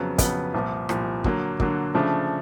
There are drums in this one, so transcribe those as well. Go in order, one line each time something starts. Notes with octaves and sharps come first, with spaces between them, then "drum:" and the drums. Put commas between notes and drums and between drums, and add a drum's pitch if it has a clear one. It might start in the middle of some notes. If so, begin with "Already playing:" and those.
Already playing: F2 C#3 F#3 B3
F2 C#3 F#3 B3, drum: kick, hi-hat
C2 A#2 F3
C2 A#2 F3, drum: rim click
D3 F#3 A#3, drum: kick
D3 F#3 A#3, drum: kick
C#3 F3 A3 D4